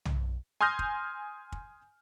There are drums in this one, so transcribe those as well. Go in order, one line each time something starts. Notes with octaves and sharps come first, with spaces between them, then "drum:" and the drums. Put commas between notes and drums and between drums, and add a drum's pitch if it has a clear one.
drum: tom
G#5 C6 D#6 F6 G6 A#6
drum: kick
drum: kick